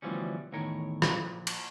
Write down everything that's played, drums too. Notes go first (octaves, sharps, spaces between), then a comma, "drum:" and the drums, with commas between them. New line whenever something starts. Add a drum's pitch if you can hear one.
D2 B2 E3 F3 G3 C#4
E2 A2 D#3 A#4 C#5
A#2 F3, drum: rim click
drum: cymbal